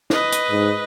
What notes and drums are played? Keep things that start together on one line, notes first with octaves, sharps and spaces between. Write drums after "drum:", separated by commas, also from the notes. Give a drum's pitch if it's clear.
B4 D#5, drum: snare
drum: hi-hat
G#2